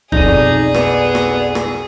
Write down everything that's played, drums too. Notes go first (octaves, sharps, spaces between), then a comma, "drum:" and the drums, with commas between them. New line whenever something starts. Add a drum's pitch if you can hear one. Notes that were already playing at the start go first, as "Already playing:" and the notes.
B1 F2 D#4 G#4 D5 D#7, drum: kick
B3, drum: rim click
drum: rim click
drum: rim click